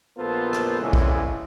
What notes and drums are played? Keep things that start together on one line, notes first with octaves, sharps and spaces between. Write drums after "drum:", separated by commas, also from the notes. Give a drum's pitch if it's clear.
A#1 A#3 B3 F4 A4 C5
drum: rim click
C2 A2 C#3 E3 G#3
drum: kick B1